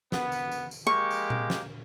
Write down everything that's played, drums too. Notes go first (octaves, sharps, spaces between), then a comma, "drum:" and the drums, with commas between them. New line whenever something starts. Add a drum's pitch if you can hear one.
B3, drum: snare
drum: tambourine
drum: tambourine
drum: tambourine
G#3 A#3 G4 C#6
drum: tambourine
drum: tom A#2
drum: snare